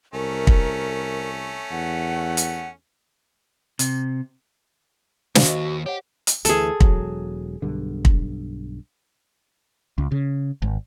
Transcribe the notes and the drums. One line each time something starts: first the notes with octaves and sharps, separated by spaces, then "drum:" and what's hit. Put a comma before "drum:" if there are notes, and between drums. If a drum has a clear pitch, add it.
C2 A3 C#4 A#4
drum: kick
E2 F#5
drum: hi-hat
C3, drum: hi-hat
D#2 F#4 C5 F5 G#5, drum: snare
D#5
G4 C#5 F#5
drum: hi-hat
D2 E3 G#4 A4, drum: hi-hat
E1 F#3, drum: kick
B1 G2 D3
drum: kick
C#2
C#3
G#1